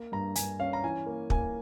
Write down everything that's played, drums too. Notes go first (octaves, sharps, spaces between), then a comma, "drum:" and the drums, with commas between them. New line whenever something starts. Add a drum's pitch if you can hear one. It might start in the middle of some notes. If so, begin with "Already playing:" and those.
Already playing: A#3
G2 A#5
G2 G#5, drum: hi-hat
C#4 F5
A#5
E3 G#5
A#3
A#3 G#5, drum: kick